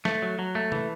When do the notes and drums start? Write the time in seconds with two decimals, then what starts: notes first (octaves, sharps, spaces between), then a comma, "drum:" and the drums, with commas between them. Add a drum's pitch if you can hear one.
0.05 A3, drum: snare
0.22 F#3
0.39 F#3
0.55 A3
0.72 E3, drum: tom C3